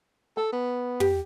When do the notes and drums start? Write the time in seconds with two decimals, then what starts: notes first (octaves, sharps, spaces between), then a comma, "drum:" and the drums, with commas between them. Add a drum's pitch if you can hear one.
0.37 A4 A5
0.53 B3
1.00 G4, drum: tom